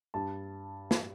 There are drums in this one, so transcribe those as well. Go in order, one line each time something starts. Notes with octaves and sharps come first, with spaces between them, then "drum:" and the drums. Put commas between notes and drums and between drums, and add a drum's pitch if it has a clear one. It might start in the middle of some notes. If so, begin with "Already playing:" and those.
G2 A5
drum: snare